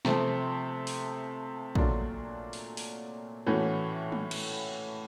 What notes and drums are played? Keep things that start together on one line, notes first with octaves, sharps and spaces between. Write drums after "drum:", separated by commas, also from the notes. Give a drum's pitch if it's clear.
C3 F3 A3, drum: snare
drum: open hi-hat
A#2 F#3 A3 D4 F4, drum: kick
drum: open hi-hat
drum: open hi-hat
A2 E3 A3 C#4 F#4
drum: tom
drum: cymbal